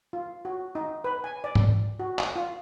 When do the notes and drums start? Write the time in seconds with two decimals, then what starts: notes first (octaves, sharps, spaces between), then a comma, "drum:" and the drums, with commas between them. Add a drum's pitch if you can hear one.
0.13 F4
0.45 F#4
0.75 D#4
1.04 B4
1.24 G#5
1.44 D5
1.55 drum: tom G#2
2.00 F#4
2.19 D#6, drum: clap
2.36 F4